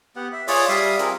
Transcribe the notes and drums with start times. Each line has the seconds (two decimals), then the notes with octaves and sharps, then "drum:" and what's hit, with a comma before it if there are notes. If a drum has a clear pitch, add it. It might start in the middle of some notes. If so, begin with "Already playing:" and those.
0.16 B3 G4 F#5
0.33 E5
0.48 F4 G#4 C#5 D5, drum: open hi-hat
0.69 G3 E5 F5 D#6
0.99 C4 F4 G#4 A#4, drum: hi-hat